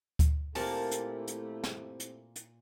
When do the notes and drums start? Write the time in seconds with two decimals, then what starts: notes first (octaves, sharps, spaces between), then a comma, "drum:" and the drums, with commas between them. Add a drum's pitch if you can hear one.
0.19 drum: kick D2, hi-hat
0.55 A#2 A3 A#3 C4 E4 G4 C5 A5, drum: open hi-hat
0.91 drum: hi-hat
1.27 drum: hi-hat
1.64 drum: snare
2.00 drum: hi-hat
2.36 drum: hi-hat